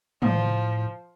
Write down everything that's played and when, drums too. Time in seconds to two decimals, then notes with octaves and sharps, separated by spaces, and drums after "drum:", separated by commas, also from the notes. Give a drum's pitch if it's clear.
0.22 A2 F3, drum: tom